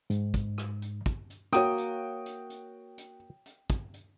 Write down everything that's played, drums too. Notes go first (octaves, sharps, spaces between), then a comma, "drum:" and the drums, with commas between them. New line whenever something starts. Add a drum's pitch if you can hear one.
G#2, drum: hi-hat
drum: kick, hi-hat
drum: rim click
drum: hi-hat
drum: kick, hi-hat
drum: hi-hat
A#3 F#4 C#5 G5 D#6, drum: rim click
drum: hi-hat
drum: hi-hat
drum: hi-hat
drum: hi-hat
drum: hi-hat
drum: kick, hi-hat
drum: hi-hat